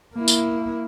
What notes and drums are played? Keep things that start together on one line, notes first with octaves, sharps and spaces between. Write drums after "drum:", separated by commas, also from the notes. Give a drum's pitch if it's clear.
A#3 E4
drum: tambourine